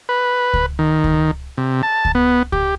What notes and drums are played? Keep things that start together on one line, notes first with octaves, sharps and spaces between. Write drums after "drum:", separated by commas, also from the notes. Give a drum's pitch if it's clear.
B4
drum: kick C#2
D#3
drum: kick C#2
C3
A5
drum: kick C#2
B3
G4, drum: kick C#2